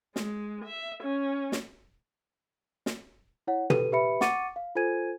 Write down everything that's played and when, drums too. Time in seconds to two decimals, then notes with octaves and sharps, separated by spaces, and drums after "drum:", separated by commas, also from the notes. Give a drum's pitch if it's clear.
0.16 G#3, drum: snare
0.65 E5
1.03 C#4
1.52 drum: snare
2.86 drum: snare
3.47 E4 C#5 F#5
3.70 G4 A4 B4 D#7, drum: tom
3.92 G4 B4 E5 B5 C#7
4.21 F#5 C#6 D6 A6 C#7 D#7, drum: snare
4.56 F5
4.75 F4 A4 C5 G#5 G#6 D#7